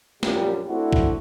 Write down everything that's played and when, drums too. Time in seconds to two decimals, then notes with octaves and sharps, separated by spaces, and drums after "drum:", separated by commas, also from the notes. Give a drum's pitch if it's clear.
0.23 A#1 F#2 A#2 G3 G4, drum: snare
0.68 A3 C4 D4 E4 F#4
0.93 drum: kick